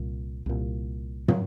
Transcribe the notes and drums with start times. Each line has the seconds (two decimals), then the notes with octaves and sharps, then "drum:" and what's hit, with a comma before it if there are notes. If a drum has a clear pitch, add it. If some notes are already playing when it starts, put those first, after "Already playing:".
Already playing: C2 A#2
0.46 C2 A#2
1.28 D3 F#3, drum: tom